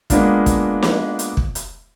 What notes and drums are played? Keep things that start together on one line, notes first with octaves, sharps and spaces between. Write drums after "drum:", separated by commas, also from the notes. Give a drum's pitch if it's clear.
G#3 A#3 B3 D4 F4, drum: kick, hi-hat
drum: kick, hi-hat
drum: snare
drum: hi-hat
drum: kick
drum: hi-hat